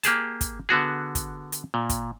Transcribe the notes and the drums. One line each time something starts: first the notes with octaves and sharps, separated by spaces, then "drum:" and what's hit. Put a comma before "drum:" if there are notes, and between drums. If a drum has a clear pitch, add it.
A#3 G4 G#4 A5, drum: hi-hat
drum: kick, hi-hat
D3 B3 F#4 G#4
drum: kick, hi-hat
drum: hi-hat
A#2
drum: kick, hi-hat